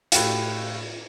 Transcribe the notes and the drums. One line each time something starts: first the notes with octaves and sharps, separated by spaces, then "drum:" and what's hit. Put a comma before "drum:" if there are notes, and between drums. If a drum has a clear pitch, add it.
A2 F#4 G4 F5, drum: hi-hat